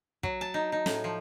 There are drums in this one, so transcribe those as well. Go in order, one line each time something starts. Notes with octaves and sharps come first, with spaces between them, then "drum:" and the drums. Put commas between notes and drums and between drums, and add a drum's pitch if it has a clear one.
F#3, drum: kick
A5
D#4
D#4
A2, drum: snare
F3